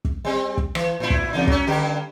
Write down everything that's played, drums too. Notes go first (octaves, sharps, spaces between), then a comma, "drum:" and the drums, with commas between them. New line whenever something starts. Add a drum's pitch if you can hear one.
drum: kick
G3 C4
drum: kick
E3, drum: rim click
A2 E4
drum: kick
E2 C#3 D#4
F#3 C#4, drum: kick
G2 D3 G4